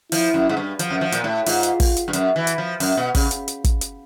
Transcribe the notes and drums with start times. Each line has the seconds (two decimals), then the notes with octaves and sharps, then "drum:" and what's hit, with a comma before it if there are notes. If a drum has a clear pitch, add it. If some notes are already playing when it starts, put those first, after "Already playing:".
0.12 F3 E4, drum: open hi-hat
0.34 F#2
0.49 G#2
0.57 G2
0.79 F3, drum: hi-hat
0.90 F#2
1.01 F3
1.12 A#2, drum: hi-hat
1.24 A2
1.46 G#2 F4, drum: open hi-hat
1.63 drum: hi-hat
1.80 drum: kick, open hi-hat
1.97 drum: hi-hat
2.08 G2
2.13 F#2, drum: hi-hat
2.36 E3
2.47 drum: hi-hat
2.58 F3
2.80 F#2, drum: open hi-hat
2.97 B2
3.15 C#3, drum: kick, open hi-hat
3.31 drum: hi-hat
3.48 drum: hi-hat
3.64 drum: kick, hi-hat
3.81 drum: hi-hat